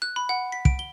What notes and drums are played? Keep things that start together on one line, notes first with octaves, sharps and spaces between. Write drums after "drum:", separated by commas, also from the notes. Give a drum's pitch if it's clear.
F#6
B5
F#5
B6
D7, drum: kick
G7